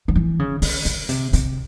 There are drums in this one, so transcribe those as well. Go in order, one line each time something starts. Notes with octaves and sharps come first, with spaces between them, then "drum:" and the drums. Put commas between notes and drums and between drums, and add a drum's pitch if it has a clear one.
F#3
E3
C#3
C#3, drum: open hi-hat
C#3, drum: hi-hat
C3, drum: hi-hat
C3, drum: hi-hat